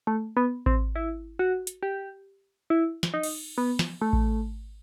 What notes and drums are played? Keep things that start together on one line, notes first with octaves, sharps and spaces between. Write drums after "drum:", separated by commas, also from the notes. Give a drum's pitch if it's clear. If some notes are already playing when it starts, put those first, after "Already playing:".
A3
B3
C4, drum: kick A1
E4
F#4
drum: hi-hat
G4
E4
drum: snare
D#4
drum: cymbal
B3
drum: snare
A3
drum: kick A1